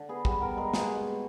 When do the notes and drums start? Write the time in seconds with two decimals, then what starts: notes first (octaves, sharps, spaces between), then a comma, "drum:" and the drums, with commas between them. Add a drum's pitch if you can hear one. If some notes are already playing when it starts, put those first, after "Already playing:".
Already playing: D3
0.09 B3 G#4
0.25 G3, drum: kick
0.41 B3 A#4
0.57 G#3 A#4
0.74 B2 G#4, drum: snare